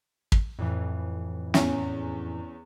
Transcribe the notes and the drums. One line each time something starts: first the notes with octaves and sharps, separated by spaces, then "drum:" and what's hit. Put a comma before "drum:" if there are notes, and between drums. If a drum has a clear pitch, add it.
drum: kick
F2 A2 E3
E2 C#4, drum: snare